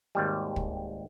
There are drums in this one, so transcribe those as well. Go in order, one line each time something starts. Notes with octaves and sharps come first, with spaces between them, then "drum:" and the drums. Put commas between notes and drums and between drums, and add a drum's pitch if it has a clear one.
G#1 D#2 G3
drum: kick